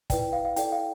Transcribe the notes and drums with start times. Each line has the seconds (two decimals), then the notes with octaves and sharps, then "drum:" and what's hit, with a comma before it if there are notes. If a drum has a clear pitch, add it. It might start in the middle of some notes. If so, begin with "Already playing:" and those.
0.10 E4 B4 D5 G5, drum: kick, hi-hat
0.33 F5
0.45 F5
0.56 E4 A4 D5 G5, drum: hi-hat
0.72 F5